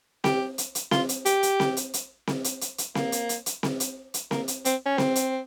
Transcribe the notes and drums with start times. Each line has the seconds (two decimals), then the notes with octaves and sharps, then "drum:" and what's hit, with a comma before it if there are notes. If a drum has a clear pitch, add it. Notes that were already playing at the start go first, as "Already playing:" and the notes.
0.24 G4, drum: snare C4
0.58 drum: hi-hat
0.75 drum: hi-hat
0.91 F4, drum: snare C4
1.09 drum: hi-hat
1.25 G4, drum: hi-hat
1.43 drum: hi-hat
1.60 drum: snare C4
1.77 drum: hi-hat
1.94 drum: hi-hat
2.27 drum: snare C4
2.44 drum: hi-hat
2.61 drum: hi-hat
2.78 drum: hi-hat
2.95 A#3, drum: snare C4
3.12 drum: hi-hat
3.29 drum: hi-hat
3.46 drum: hi-hat
3.63 drum: snare C4
3.80 drum: hi-hat
4.14 drum: hi-hat
4.31 A#3, drum: snare C4
4.48 drum: hi-hat
4.65 C4, drum: hi-hat
4.86 C#4
4.98 C4, drum: snare C4
5.15 drum: hi-hat